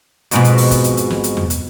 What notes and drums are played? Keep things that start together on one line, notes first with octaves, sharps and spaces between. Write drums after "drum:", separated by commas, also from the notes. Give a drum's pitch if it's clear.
F2 G#2 B2, drum: hi-hat
drum: hi-hat
drum: open hi-hat
drum: kick, hi-hat
drum: hi-hat
drum: hi-hat
drum: snare
drum: hi-hat
drum: tom E2
drum: hi-hat